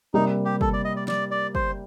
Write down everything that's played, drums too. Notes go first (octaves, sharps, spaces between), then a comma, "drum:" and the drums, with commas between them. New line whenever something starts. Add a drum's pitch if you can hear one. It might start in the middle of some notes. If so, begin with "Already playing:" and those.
C3 G3 A#3 D#4
G4
A4, drum: kick
D5
D#5
D5
D5, drum: snare
D5
C5, drum: kick